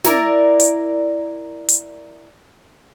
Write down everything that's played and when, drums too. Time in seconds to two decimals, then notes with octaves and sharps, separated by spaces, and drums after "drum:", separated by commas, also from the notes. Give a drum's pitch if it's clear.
0.04 E4 A#4 D5, drum: snare
0.60 drum: hi-hat
1.68 drum: hi-hat